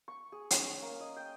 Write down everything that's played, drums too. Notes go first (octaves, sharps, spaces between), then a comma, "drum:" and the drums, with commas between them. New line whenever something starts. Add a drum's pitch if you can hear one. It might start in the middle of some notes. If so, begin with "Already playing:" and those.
C#6
G#4
C#4, drum: hi-hat
A#3
D#5
G5